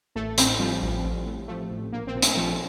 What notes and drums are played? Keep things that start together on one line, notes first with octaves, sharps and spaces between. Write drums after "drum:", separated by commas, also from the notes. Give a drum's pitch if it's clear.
A1 A3
A2 C4, drum: hi-hat
F3 G3
A1
A1
A2
F3 A3
A1
A#1 A#3
C4
A#2
A3, drum: hi-hat
F3 A3